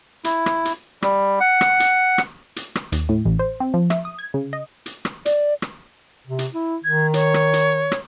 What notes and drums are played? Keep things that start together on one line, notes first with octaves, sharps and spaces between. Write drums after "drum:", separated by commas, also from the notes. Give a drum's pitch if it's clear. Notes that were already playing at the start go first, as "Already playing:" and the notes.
E4, drum: hi-hat
drum: rim click
drum: hi-hat
G3, drum: rim click
F#5
drum: rim click
drum: hi-hat
drum: rim click
drum: hi-hat
drum: rim click
D#2, drum: hi-hat
A2
A1
C5
C4
F3
E5, drum: rim click
D#6
G#6
C#3
D#5
drum: hi-hat
drum: rim click
D5, drum: hi-hat
drum: rim click
C3
drum: hi-hat
E4
D#3 G#6
C#5, drum: hi-hat
drum: rim click
drum: hi-hat
drum: rim click